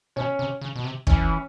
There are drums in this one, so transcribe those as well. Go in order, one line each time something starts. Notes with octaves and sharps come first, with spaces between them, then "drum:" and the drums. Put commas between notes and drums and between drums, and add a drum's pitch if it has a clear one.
B2 C#4 C#5
C3
C#3
B2
C3
E3 C#4 C#5, drum: kick